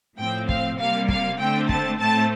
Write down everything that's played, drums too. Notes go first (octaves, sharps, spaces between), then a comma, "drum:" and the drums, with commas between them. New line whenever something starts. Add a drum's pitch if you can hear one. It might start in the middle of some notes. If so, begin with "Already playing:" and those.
A2 F3 C4 G5
F5, drum: kick
C3 G3 A#3 F5
F5, drum: kick
D3 A3 C4 G5
A5, drum: kick
A2 A3 C4 A5